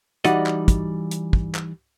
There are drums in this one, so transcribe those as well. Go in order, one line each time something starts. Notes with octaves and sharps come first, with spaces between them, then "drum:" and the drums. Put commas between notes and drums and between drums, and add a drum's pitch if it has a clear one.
E3 G3 D#4 F#4 D5 D#5, drum: hi-hat
drum: clap
drum: kick, hi-hat
drum: hi-hat
drum: kick
drum: clap